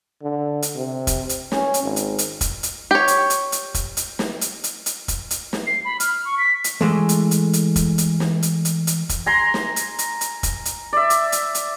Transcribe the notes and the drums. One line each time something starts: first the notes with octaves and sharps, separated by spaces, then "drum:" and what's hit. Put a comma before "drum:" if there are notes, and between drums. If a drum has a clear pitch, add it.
D3
drum: hi-hat
C3
drum: kick, hi-hat
drum: hi-hat
C#4, drum: snare
drum: hi-hat
G#1
drum: hi-hat
drum: hi-hat
drum: kick, hi-hat
drum: hi-hat
G4 C#5
drum: hi-hat
drum: hi-hat
drum: hi-hat
drum: kick, hi-hat
drum: hi-hat
drum: snare
drum: hi-hat
drum: hi-hat
drum: hi-hat
drum: kick, hi-hat
drum: hi-hat
drum: snare
C7
B5
F6, drum: hi-hat
C#6
B6
drum: hi-hat
E3 G#3 A3
drum: hi-hat
drum: hi-hat
drum: hi-hat
drum: kick, hi-hat
drum: hi-hat
drum: snare
drum: hi-hat
drum: hi-hat
drum: hi-hat
drum: kick, hi-hat
G#5 A#5 C6
drum: snare
drum: hi-hat
drum: hi-hat
drum: hi-hat
drum: kick, hi-hat
drum: hi-hat
D5 E5
drum: hi-hat
drum: hi-hat
drum: hi-hat